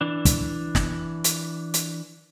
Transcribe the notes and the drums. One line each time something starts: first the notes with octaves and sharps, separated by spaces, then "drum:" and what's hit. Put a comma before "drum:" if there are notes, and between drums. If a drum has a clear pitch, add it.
E3 D4
drum: kick, hi-hat
drum: snare
drum: hi-hat
drum: hi-hat